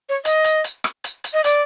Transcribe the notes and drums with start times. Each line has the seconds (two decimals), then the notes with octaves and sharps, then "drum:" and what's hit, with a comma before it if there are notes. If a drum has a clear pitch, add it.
0.09 C#5
0.25 D#5, drum: hi-hat
0.44 drum: hi-hat
0.64 drum: hi-hat
0.84 drum: rim click
1.04 drum: hi-hat
1.24 drum: hi-hat
1.34 D#5
1.44 D5, drum: hi-hat